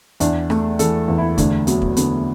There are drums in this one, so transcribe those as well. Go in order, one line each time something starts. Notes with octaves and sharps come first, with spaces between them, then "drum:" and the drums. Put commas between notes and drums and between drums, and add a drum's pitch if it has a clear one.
E2 D4, drum: hi-hat
A3, drum: rim click
E3 A4, drum: hi-hat
E2
E4
D2 D4, drum: kick, hi-hat
F#3 B3, drum: hi-hat
drum: kick
D3 B3, drum: hi-hat